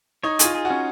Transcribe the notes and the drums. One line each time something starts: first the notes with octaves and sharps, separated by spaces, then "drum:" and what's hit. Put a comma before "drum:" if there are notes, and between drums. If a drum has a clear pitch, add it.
D#4 C#5
G#4, drum: hi-hat
F4
G#4
F#4
C#4